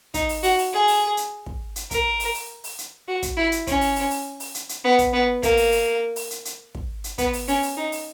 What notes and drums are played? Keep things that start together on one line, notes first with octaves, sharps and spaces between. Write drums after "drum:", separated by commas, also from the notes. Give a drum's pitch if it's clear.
D#4, drum: kick, hi-hat
drum: open hi-hat
F#4, drum: open hi-hat
drum: open hi-hat
G#4
drum: open hi-hat
drum: hi-hat
drum: kick
drum: hi-hat
A#4, drum: kick, hi-hat
drum: open hi-hat
drum: open hi-hat
drum: open hi-hat
drum: hi-hat
F#4
drum: kick, hi-hat
E4
drum: hi-hat
C#4, drum: kick, hi-hat
drum: open hi-hat
drum: open hi-hat
drum: open hi-hat
drum: open hi-hat
drum: hi-hat
drum: hi-hat
B3
drum: kick, hi-hat
B3
A#3, drum: kick, hi-hat
drum: open hi-hat
drum: open hi-hat
drum: open hi-hat
drum: hi-hat
drum: hi-hat
drum: kick
drum: hi-hat
B3, drum: kick, hi-hat
drum: open hi-hat
C#4, drum: open hi-hat
drum: open hi-hat
D#4
drum: open hi-hat